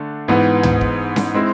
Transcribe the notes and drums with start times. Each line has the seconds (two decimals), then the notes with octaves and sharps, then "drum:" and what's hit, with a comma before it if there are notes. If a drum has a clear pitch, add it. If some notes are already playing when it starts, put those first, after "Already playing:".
Already playing: D3 A3 D4
0.28 G#2 E3 B3
0.63 drum: tom
0.81 drum: kick
1.16 drum: snare C#4
1.34 G#3 C4 E4